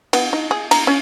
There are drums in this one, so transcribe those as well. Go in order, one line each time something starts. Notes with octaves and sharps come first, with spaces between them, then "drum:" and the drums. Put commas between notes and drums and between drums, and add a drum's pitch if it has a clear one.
B3, drum: cymbal
D#4
G#4
A#5, drum: cymbal
C#4